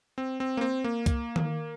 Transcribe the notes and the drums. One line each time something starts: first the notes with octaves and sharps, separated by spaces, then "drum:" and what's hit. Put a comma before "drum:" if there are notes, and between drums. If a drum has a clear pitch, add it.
C4
C4
A#3
C4
A#3
drum: kick, hi-hat
drum: tom D#3